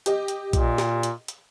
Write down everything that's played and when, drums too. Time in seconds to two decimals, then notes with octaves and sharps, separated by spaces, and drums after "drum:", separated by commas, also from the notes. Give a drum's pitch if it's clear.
0.06 G4 D#5, drum: hi-hat
0.28 drum: hi-hat
0.53 A#2, drum: kick A#1, hi-hat
0.78 drum: snare
1.03 drum: hi-hat
1.28 drum: hi-hat